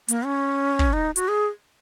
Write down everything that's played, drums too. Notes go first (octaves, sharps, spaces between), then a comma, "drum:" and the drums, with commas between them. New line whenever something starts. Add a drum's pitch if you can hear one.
A#3, drum: hi-hat
C#4
drum: kick
D#4
F#4, drum: hi-hat
G#4